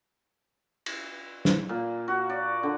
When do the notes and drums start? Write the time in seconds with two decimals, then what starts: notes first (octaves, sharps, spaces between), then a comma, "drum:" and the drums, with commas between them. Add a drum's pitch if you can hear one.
0.86 drum: cymbal
1.45 drum: snare
1.69 A#2
2.08 F#4
2.29 D5
2.63 D3